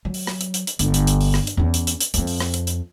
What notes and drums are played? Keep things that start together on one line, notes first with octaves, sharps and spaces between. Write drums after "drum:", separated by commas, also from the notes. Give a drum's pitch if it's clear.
F#3
drum: open hi-hat
drum: rim click
drum: hi-hat
drum: hi-hat
drum: hi-hat
G1, drum: hi-hat
drum: hi-hat
drum: hi-hat
drum: open hi-hat
drum: rim click
drum: hi-hat
E2 C#4
drum: hi-hat
drum: hi-hat
drum: hi-hat
F2 C4, drum: hi-hat
drum: open hi-hat
drum: rim click
drum: hi-hat
drum: hi-hat